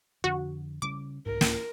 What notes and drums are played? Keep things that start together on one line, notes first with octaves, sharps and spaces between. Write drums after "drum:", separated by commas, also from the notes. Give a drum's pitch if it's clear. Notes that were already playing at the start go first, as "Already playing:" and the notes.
F2 D3 F#4
C#3 G3 C#4 D6
C2 G#2 A#4
drum: snare